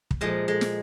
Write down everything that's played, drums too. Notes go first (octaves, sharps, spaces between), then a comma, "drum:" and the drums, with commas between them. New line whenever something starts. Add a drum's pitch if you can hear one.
drum: kick
A#2 F3 G#3
G#3
drum: snare